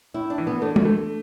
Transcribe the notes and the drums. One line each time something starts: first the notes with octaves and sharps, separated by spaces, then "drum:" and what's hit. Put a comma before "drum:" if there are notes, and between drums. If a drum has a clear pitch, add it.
A2 E4
D4
E3
B3
A3 D4
drum: tom
A3